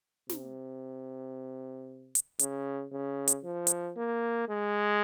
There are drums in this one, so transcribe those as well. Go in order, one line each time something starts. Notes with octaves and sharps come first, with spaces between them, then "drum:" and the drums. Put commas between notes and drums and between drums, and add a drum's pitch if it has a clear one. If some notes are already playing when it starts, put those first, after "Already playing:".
C3, drum: snare
drum: hi-hat
C#3, drum: hi-hat
C#3
drum: hi-hat
F3
drum: hi-hat
A#3
G#3